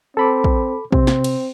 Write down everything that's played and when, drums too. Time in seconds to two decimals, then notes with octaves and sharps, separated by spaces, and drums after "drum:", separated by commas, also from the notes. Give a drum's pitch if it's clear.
0.17 C4 A4 B5 D6
0.44 drum: kick
0.92 C3 C4, drum: kick
1.07 drum: snare
1.24 drum: cymbal